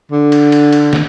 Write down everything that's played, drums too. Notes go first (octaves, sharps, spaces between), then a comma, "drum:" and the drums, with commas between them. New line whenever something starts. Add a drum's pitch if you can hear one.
D3
drum: cymbal
drum: cymbal
drum: cymbal
drum: snare